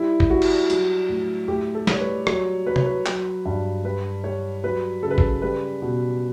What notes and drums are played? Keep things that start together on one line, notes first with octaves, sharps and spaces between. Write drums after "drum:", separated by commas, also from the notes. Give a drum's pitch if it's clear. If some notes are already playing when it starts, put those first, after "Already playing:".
Already playing: G3 E4
drum: kick
G3 F#4
drum: cymbal
F#3, drum: hi-hat
A2
A2 G4
A4
G3 C#5, drum: snare
B4
F#3 C#5, drum: rim click
F#3 B4
C#5, drum: tom C3
B4
F#3, drum: clap
G2
G3 B4
G3 C#5
F#3 B4
C#3 A4
B4
A4, drum: kick
G3 B4
B2